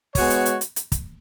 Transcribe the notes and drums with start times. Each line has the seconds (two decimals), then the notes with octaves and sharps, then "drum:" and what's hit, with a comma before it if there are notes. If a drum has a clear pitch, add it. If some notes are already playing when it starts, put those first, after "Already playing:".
0.15 G#3 B3 F#4 C#5, drum: kick, open hi-hat
0.30 drum: hi-hat
0.46 drum: hi-hat
0.61 drum: hi-hat
0.76 drum: hi-hat
0.92 drum: kick, hi-hat